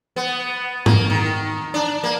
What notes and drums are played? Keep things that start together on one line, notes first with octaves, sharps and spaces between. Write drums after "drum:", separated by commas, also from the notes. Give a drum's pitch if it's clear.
B3
A#3, drum: tom G#2
D#3
D4
A#3